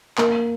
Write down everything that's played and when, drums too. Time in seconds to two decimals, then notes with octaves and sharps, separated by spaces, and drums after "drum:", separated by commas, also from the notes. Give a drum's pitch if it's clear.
0.18 A#3, drum: clap